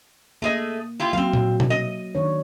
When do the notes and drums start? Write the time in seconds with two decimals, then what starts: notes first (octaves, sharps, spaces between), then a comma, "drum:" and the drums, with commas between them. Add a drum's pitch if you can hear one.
0.42 A3 A#3 G#4 D#5
1.00 E4 F4 G4
1.13 F#3 A#3 C4 F5
1.33 drum: tom A#2
1.60 drum: tom B2
1.70 D#5
2.15 D#3 D4 C#5